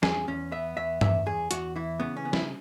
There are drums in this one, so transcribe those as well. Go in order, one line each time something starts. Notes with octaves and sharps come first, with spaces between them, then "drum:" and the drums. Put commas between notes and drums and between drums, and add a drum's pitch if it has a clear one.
E2 G#4, drum: snare
E2 C#4
B3 E5
E2 E5
E2 E5, drum: tom G2
E2 G#4
E2 F#4, drum: hi-hat
E3 E4
C#3 B3
C#4
B3
E4, drum: snare